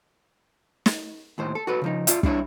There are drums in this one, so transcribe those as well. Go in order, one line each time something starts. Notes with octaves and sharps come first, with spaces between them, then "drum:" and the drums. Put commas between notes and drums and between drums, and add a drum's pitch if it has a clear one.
drum: snare
D#2 A2 C5
A4
F#4 A4 B4
C#3 F3 D#4
F4 D5 E5, drum: hi-hat
G3 D4 E4 C#5, drum: kick